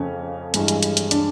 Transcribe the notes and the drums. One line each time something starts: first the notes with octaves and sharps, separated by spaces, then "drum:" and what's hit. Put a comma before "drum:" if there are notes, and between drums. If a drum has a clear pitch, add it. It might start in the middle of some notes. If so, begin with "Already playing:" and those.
Already playing: F2 C#3 F3 A3 C#4
G2 E3 G#3, drum: hi-hat
drum: hi-hat
drum: hi-hat
drum: hi-hat
D4, drum: hi-hat